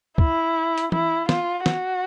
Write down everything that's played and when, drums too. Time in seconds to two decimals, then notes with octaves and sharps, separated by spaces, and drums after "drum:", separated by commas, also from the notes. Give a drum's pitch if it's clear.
0.18 E4, drum: kick
0.78 drum: hi-hat
0.92 E4, drum: tom E3
1.29 F4, drum: snare
1.66 F#4, drum: snare